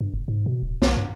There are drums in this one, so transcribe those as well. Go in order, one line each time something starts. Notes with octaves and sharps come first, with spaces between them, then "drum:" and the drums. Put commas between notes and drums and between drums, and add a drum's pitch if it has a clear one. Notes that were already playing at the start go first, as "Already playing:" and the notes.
G2
F1
G#2
B2
D1
B1, drum: snare
G2